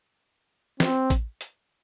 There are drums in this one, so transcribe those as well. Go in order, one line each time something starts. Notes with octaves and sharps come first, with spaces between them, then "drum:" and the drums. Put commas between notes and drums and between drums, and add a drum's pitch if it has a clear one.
C4, drum: snare
drum: kick A1, hi-hat
drum: hi-hat